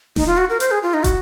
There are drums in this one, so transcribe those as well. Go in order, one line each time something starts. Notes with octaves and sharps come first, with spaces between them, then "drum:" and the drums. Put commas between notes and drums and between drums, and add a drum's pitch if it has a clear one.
D#4, drum: snare D#1
F4
F#4
A#4
C5, drum: hi-hat
G#4
F4
D#4
F#4, drum: kick, hi-hat